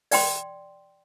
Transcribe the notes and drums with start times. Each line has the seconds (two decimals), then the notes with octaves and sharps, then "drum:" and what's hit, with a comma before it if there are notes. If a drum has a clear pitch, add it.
0.11 D5 G5 C6, drum: open hi-hat